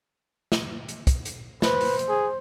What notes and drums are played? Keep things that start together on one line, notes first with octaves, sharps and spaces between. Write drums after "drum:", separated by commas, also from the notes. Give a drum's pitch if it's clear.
drum: snare
drum: hi-hat
drum: kick, hi-hat
drum: hi-hat
B4 C5, drum: snare
drum: open hi-hat
drum: hi-hat
G#4